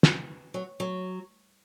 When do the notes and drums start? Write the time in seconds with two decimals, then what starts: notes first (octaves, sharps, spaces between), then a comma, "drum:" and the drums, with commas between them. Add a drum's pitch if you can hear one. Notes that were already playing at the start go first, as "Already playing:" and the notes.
0.03 B3, drum: snare
0.54 F#3
0.80 F#3